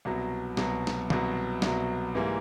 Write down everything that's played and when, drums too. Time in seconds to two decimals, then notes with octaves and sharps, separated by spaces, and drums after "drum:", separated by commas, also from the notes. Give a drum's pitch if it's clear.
0.05 C2 B2 F#3
0.57 C2 B2 F#3, drum: snare
0.87 drum: snare
1.10 C2 B2 F#3, drum: tom D#3
1.62 C2 B2 F#3, drum: snare
2.15 G#2 E3 G3 A#3